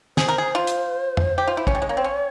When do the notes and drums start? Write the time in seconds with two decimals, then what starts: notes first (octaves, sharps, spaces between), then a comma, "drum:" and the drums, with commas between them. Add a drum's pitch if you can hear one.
0.17 G#4 C5, drum: snare
0.29 A#4
0.38 G#4
0.55 F4
0.67 drum: hi-hat
1.17 drum: tom
1.38 G4
1.48 F4
1.57 E4
1.67 C#4 C#5, drum: kick
1.75 G3
1.82 G#3
1.89 A#3
1.97 C4
2.04 C#4